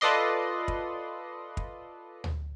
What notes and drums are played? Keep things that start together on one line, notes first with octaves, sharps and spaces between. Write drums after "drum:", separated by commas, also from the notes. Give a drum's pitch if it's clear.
F4 A4 B4 D5 D#5 C6
drum: kick
drum: kick
drum: tom D2